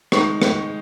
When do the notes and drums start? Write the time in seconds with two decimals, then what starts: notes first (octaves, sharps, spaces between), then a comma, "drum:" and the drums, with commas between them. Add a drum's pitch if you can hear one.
0.12 D#3 G#3 D#4 C#6, drum: rim click
0.42 drum: rim click